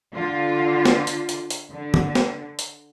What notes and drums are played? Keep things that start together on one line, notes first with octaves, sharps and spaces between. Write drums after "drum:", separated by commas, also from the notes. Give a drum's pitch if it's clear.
D3 F4
drum: snare
drum: hi-hat
drum: hi-hat
drum: hi-hat
D3
drum: tom D3
drum: snare
drum: hi-hat